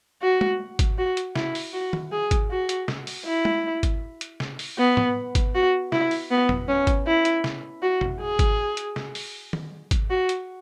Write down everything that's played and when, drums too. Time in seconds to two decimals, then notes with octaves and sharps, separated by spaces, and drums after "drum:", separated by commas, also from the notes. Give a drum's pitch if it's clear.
0.22 F#4
0.41 drum: tom
0.79 drum: kick G#1, hi-hat
0.98 F#4
1.17 drum: hi-hat
1.36 E4, drum: snare
1.55 drum: open hi-hat
1.74 F#4
1.93 drum: tom D#3
2.12 G#4
2.31 drum: kick G#1, hi-hat
2.50 F#4
2.69 drum: hi-hat
2.88 drum: snare
3.07 drum: open hi-hat
3.26 E4
3.45 drum: tom
3.83 drum: kick G#1, hi-hat
4.21 drum: hi-hat
4.40 drum: snare
4.59 drum: open hi-hat
4.78 B3
4.97 drum: tom
5.35 drum: kick G#1, hi-hat
5.55 F#4
5.92 E4, drum: snare
6.11 drum: open hi-hat
6.30 B3
6.49 drum: tom
6.68 C#4
6.87 drum: kick G#1, hi-hat
7.07 E4
7.25 drum: hi-hat
7.44 drum: snare
7.82 F#4
8.01 drum: tom
8.20 G#4
8.39 drum: kick G#1, hi-hat
8.77 drum: hi-hat
8.96 drum: snare
9.15 drum: open hi-hat
9.53 drum: tom D#3
9.91 drum: kick G#1, hi-hat
10.10 F#4
10.29 drum: hi-hat